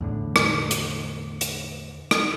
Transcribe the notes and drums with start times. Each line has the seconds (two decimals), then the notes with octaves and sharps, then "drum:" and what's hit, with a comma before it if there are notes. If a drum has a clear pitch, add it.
0.01 E2 A2 D3
0.36 drum: rim click
0.71 drum: hi-hat
1.41 drum: hi-hat
2.11 drum: rim click